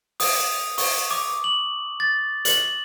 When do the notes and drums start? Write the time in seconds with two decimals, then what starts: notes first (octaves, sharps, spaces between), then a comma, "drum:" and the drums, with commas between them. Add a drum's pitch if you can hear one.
0.20 D#6, drum: open hi-hat
0.78 C#6, drum: open hi-hat
1.11 D6
1.44 F#7
2.00 A6
2.45 F#7, drum: hi-hat